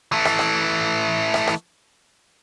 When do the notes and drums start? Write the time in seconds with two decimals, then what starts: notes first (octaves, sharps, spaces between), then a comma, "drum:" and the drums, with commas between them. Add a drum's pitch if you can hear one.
0.12 E3 A3
0.25 drum: rim click
0.39 drum: rim click
1.34 drum: rim click
1.47 drum: rim click